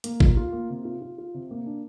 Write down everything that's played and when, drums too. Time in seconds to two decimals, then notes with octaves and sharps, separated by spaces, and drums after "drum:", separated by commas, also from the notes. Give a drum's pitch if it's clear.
0.04 A#3, drum: hi-hat
0.20 F4, drum: kick G#1
0.37 F4
0.53 A#3
0.70 C3
0.85 F4
1.02 F4
1.18 F4
1.34 C3
1.51 A#3
1.66 D4